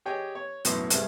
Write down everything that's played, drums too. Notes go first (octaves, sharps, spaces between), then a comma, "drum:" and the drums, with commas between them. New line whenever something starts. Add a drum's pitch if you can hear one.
G4 G#4 C#5 D#5 G5 G#5
C#5
B1 F#2 A2 B3 C6 D#6, drum: hi-hat
C2 G2 G3 A3 G#4 F6, drum: hi-hat